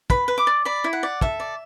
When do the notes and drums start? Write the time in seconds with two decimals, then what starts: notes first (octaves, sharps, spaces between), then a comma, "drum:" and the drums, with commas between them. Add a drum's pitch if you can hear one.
0.10 B4 B5, drum: kick
0.28 B4
0.38 D6
0.47 D5
0.65 D5 B5
0.84 E4
0.93 F#5
1.03 D5
1.21 A4 E5, drum: kick
1.40 D5